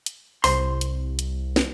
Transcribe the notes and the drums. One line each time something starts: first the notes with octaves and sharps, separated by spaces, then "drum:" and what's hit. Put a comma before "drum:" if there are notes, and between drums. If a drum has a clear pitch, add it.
drum: hi-hat
C2 C5 C6, drum: open hi-hat
drum: hi-hat
drum: hi-hat
drum: snare